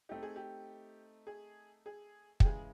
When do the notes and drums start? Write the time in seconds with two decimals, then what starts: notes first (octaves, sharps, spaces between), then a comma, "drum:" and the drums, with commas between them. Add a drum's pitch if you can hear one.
0.09 A3 C4 D#4 G4
0.23 G#4
0.36 G4
1.27 G#4
1.86 G#4
2.40 G4, drum: kick
2.45 C#3 E3 G#3 G#4